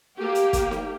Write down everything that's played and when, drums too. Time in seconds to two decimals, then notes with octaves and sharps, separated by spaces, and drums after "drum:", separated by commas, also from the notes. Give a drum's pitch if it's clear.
0.17 A#3 G4
0.35 drum: hi-hat
0.53 drum: kick, hi-hat
0.71 drum: snare